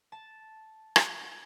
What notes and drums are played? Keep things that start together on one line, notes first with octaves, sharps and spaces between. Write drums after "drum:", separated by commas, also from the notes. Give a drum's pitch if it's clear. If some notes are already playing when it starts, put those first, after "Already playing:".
A5
drum: rim click